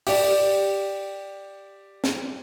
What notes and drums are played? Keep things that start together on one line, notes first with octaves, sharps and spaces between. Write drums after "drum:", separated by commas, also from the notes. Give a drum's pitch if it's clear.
G4 D5, drum: open hi-hat
drum: snare